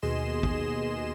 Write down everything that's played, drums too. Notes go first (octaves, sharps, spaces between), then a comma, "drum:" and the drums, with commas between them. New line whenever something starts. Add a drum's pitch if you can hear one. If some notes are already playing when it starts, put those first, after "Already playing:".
D#2 B2 G#4 D#5 C6 E7
drum: kick A1